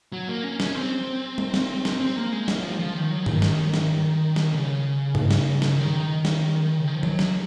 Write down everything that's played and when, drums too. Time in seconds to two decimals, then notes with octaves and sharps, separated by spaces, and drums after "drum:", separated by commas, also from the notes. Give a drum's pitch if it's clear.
0.12 F#3
0.29 A#3
0.44 C#4
0.60 C#4, drum: snare
0.75 C4
1.38 drum: tom G3
1.54 drum: snare
1.85 drum: snare
2.01 C4
2.16 A#3
2.32 G#3
2.48 drum: snare
2.59 F#3
2.64 F3
2.79 F3
2.95 D#3
3.11 F#3
3.26 D#3, drum: tom G2
3.42 drum: snare
3.74 drum: snare
4.36 drum: snare
4.52 C#3
5.15 drum: tom G2
5.31 drum: snare
5.62 drum: snare
5.78 D#3
6.25 drum: snare
6.79 C#3
6.87 D#3
6.95 F3
7.03 F#3, drum: tom D#3
7.19 drum: snare